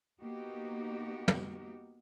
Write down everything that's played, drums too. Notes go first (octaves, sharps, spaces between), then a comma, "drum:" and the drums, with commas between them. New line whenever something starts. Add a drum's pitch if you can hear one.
A#3 B3 D#4 F#4 G4
drum: tom